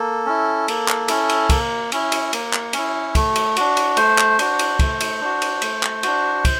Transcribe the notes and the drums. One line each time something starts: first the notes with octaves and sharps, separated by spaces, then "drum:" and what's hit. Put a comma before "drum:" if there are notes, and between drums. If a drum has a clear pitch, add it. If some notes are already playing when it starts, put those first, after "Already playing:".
Already playing: A#3 A4
C#4 E4
A#3, drum: cymbal
drum: clap
C#4 E4, drum: cymbal
drum: cymbal
A#3, drum: kick, cymbal
C#4 E4, drum: cymbal
drum: cymbal
A#3, drum: cymbal
drum: clap
C#4, drum: cymbal
E4
A3, drum: kick, cymbal
drum: cymbal
D4 F#4, drum: cymbal
drum: cymbal
A3 C5, drum: cymbal
drum: clap
D4 F#4, drum: cymbal
drum: cymbal
A3, drum: kick, cymbal
drum: cymbal
D4 F#4
drum: cymbal
A3, drum: cymbal
drum: clap
D4 F#4, drum: cymbal
drum: kick, cymbal